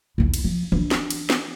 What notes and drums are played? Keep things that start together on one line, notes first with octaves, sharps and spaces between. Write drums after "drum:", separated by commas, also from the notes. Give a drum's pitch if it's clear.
B1 E2
drum: cymbal
F3
E3 D4, drum: tom D#3
drum: snare
drum: cymbal
drum: snare